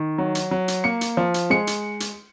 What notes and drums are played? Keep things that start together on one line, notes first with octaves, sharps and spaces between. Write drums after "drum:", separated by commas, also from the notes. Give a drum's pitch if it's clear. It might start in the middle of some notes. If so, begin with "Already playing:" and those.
Already playing: D#3
F#3
drum: hi-hat
F#3
drum: hi-hat
A#3 C#7
drum: hi-hat
F3
drum: hi-hat
G#3 C#7
drum: hi-hat
drum: hi-hat